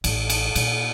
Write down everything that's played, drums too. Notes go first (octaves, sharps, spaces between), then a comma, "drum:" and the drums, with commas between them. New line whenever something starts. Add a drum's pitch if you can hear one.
A1, drum: cymbal
drum: cymbal
A#2, drum: cymbal